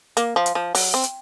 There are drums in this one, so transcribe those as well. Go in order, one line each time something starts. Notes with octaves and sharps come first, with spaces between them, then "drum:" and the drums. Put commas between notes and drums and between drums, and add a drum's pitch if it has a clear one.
A#3, drum: hi-hat
F3
drum: hi-hat
F3
F#3, drum: open hi-hat
C4
drum: hi-hat